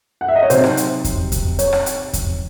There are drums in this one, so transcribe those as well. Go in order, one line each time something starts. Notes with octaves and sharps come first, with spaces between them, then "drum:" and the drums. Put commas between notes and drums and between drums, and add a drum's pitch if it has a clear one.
F#5
E5
D#5
C#5
C3 F#3 C4 D#4 C5, drum: hi-hat
drum: rim click
drum: hi-hat
drum: kick E2, hi-hat
drum: kick E2, hi-hat
C#5, drum: hi-hat
drum: rim click
drum: hi-hat
drum: kick E2, hi-hat